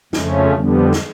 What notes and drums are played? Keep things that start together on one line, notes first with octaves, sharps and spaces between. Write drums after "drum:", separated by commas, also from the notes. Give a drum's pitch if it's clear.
F2 C#3 F3 A3 C#4, drum: snare
F2 D3 G3 B3
drum: snare